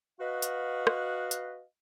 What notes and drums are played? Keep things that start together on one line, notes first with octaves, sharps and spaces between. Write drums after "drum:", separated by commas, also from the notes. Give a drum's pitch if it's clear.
F#4 B4 D#5 F5
drum: hi-hat
drum: rim click
drum: hi-hat